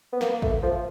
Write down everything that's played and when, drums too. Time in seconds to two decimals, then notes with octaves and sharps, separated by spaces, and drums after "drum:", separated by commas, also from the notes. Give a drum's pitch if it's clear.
0.12 B3
0.21 A#3, drum: snare
0.42 A3, drum: kick
0.63 F3